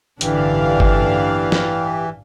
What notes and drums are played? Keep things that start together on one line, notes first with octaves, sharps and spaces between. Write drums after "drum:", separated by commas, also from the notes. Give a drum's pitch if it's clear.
A1 G2 D3 E3 D4 G4 F5, drum: hi-hat
drum: kick G1
drum: snare